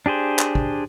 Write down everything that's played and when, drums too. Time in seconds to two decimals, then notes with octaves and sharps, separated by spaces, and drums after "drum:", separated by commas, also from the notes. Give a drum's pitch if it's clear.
0.06 D4 G4 G#4 C5
0.39 drum: clap
0.55 drum: kick